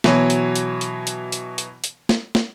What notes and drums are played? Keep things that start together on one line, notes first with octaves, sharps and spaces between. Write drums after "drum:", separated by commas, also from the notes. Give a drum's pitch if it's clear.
B2 E3 F#3, drum: snare
drum: hi-hat
drum: hi-hat
drum: hi-hat
drum: hi-hat
drum: hi-hat
drum: hi-hat
drum: hi-hat
drum: snare
drum: snare